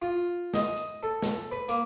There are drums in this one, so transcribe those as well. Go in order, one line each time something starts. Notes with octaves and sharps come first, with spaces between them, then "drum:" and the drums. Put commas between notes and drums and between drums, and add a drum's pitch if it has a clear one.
F4
D#5, drum: snare
drum: hi-hat
A4
drum: snare
B4
A#3, drum: hi-hat